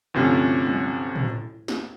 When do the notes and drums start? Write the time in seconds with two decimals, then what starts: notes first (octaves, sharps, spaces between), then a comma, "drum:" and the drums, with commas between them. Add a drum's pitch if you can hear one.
0.14 D2 G2 C3 F3 C#4
0.66 drum: tom F#3
1.16 drum: tom
1.68 drum: snare